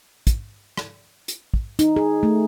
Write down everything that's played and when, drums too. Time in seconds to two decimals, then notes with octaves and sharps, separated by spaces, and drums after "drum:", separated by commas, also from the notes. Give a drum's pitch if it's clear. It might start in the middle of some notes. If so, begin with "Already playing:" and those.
0.27 drum: kick, hi-hat
0.77 drum: rim click
1.28 drum: hi-hat
1.54 drum: kick
1.79 D#4, drum: hi-hat
1.96 G#4
2.23 A3